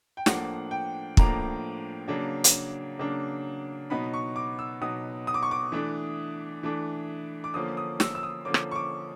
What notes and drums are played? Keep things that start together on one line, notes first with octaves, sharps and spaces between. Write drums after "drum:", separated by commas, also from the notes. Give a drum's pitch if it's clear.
G5
A2 F3 A#3 D4 F#5, drum: snare
G5
A2 F3 A#3 D4 A#5, drum: kick
C#3 F#3 A#3 D4
drum: hi-hat
C#3 F#3 A#3 D4
B2 F#3 B3 D#4 B5
C#6
D6
E6
B2 F#3 B3 D#4 D#6
D#6
D6
C#6
D6
E3 A3 D4
E3 A3 D4
D6
D3 F3 A#3 C#4 D#6
D#6
E6, drum: snare
E6
D#6
D3 F3 A#3 C#4 D6
drum: rim click
C#6
D6